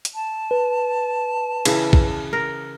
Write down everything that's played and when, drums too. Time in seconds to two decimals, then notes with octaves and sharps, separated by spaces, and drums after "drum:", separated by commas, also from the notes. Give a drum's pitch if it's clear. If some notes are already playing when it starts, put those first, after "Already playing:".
0.05 drum: hi-hat
0.15 A5
0.51 B4
1.65 C#3 E3, drum: cymbal
1.93 drum: kick
2.33 A#4